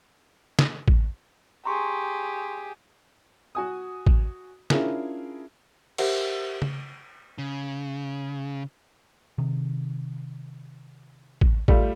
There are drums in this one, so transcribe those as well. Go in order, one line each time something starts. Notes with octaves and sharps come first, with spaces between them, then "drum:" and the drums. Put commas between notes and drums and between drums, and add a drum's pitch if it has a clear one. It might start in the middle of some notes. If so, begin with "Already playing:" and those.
drum: snare
drum: kick A1
G4 G#4 A#5 C6 C#6
F#4 G#5 D#6
drum: kick A1
C#4 D4 E4 F4 G#4 A#4, drum: snare
G4 A#4 C5 E5 F#5, drum: cymbal
drum: tom C#3
C#3
C3 D#3
drum: kick A1
G3 A3 F4, drum: kick A1